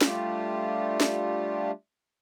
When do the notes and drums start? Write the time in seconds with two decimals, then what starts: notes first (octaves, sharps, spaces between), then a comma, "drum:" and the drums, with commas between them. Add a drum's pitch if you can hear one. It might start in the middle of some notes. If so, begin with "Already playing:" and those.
0.01 G3 A3 D4 F4 G4, drum: snare
1.00 drum: snare